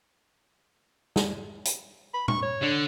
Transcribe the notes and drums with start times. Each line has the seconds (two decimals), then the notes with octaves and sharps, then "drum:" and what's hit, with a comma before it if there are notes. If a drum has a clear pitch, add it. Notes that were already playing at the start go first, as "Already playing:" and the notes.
1.16 drum: snare
1.65 drum: hi-hat
2.14 B5
2.28 C#6, drum: tom A#2
2.42 C#5
2.62 D3